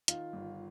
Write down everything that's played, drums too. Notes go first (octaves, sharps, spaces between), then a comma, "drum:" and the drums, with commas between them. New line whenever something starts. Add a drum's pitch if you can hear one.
D#3 F4, drum: hi-hat
G1